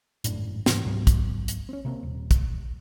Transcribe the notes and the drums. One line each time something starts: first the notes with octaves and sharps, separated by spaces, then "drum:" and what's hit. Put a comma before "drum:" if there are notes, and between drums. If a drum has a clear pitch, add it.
G#1 F#2 A2 D4, drum: hi-hat
G#2 C3 E3, drum: snare
C#2 G#2 F#3 B3
drum: kick, hi-hat
drum: hi-hat
C4 C#4
C3 A#3 C4
D#1
drum: kick, hi-hat